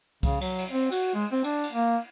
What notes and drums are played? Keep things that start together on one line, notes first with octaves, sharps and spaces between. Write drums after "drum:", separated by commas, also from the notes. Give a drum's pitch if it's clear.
C#3, drum: kick C2, cymbal
F#3, drum: cymbal
drum: cymbal
C4
F#4, drum: cymbal
G#3
C4
D4, drum: cymbal
drum: cymbal
A#3